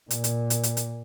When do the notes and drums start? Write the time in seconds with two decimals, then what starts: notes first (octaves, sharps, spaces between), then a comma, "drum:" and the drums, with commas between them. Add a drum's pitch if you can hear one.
0.10 A#2, drum: hi-hat
0.24 drum: hi-hat
0.50 drum: hi-hat
0.63 drum: hi-hat
0.77 drum: hi-hat